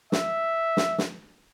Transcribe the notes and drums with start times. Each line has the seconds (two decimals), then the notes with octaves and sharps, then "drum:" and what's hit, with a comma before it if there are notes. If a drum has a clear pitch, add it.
0.12 E5, drum: snare
0.77 drum: snare
0.98 drum: snare